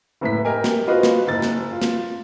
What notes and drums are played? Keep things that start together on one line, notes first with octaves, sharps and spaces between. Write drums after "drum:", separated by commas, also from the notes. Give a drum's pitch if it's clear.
F#1 A2 B4 B6
G4 A#4 D#5 G#5
drum: snare
F4 F#4 B4 C5 D#5 F5
drum: snare
F#1 A6
drum: snare
F4
drum: snare